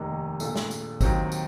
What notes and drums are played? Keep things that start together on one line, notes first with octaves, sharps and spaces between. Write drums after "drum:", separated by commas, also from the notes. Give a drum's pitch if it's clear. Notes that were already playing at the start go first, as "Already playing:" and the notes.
Already playing: F1 D#2 D#3 A#3 D#4
A#1 A#2 A3, drum: tambourine
drum: snare
drum: tambourine
D#2 D#3 F#3 C4, drum: kick, tambourine
drum: tambourine